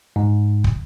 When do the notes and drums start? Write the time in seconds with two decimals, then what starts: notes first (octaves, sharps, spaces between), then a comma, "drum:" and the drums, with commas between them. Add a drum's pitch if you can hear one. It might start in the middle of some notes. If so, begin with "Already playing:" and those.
0.16 G#2
0.64 drum: kick